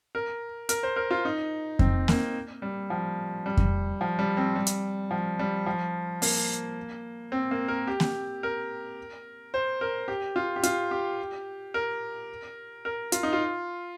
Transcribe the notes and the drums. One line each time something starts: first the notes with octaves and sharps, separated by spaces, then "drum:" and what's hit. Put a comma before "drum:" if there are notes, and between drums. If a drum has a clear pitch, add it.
A#4
A#4, drum: hi-hat
C5
A#4
F4
D#4
C4, drum: kick F2
A#3, drum: snare A#3
G3
F3
G3
drum: kick F2
F3
G3
C4
G3
drum: hi-hat
F3
G3
F3
A#3, drum: open hi-hat
C4
A#3
A#4
G4
drum: snare A#3
A#4
C5
A#4
G4
F4
G4
F4, drum: hi-hat
G4
A#4
A#4
F4, drum: hi-hat
D#4
F4